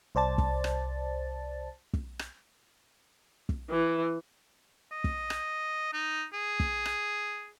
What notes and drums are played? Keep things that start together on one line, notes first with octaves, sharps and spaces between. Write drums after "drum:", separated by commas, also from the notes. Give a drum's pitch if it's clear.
C2 C5 D5 A5 A6
drum: kick
drum: rim click
drum: kick
drum: rim click
drum: kick
E3
D#5
drum: kick
drum: rim click
D#4
G#4
drum: kick
drum: rim click